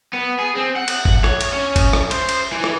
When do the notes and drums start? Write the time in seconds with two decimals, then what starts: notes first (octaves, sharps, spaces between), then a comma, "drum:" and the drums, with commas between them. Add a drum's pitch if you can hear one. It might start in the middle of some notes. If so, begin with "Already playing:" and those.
0.14 B3
0.39 G#4
0.56 C4
0.76 F#5
0.88 drum: cymbal
1.05 drum: kick G1
1.24 C#5, drum: rim click
1.41 drum: cymbal
1.53 C#4
1.76 drum: kick G1, cymbal
1.93 drum: rim click
2.11 C5, drum: cymbal
2.29 drum: cymbal
2.52 E3
2.64 drum: rim click